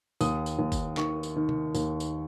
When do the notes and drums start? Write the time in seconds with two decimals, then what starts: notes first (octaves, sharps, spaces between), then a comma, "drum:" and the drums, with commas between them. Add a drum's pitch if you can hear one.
0.21 D#2 D#6, drum: tambourine
0.46 drum: tambourine
0.59 D#2
0.72 drum: kick, tambourine
0.97 D#3 C#6, drum: clap
1.23 drum: tambourine
1.36 D#3
1.49 drum: tom C3
1.75 D#2, drum: tambourine
2.00 drum: tambourine